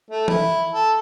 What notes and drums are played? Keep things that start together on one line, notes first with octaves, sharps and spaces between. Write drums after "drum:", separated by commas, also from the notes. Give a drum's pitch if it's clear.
A3
E4, drum: tom E3
A4